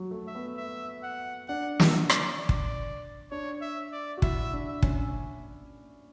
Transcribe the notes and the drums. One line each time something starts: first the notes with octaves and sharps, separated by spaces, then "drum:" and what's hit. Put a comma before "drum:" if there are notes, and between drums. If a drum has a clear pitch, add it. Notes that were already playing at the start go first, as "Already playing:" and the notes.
Already playing: F#3
A3
E5
B3
E5
F#5
D4 F#5
E5, drum: snare
D5, drum: rim click
D5
drum: kick
D4 C#5
E5
D5
F#4
E4 E5, drum: kick
D4
E5
C#4, drum: kick